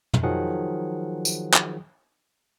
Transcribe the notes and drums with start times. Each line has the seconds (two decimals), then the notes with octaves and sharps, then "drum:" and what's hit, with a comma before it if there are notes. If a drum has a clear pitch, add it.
0.14 drum: tom
0.23 D#3 F3 F#3 G#4 F#5
1.25 drum: tambourine
1.54 drum: clap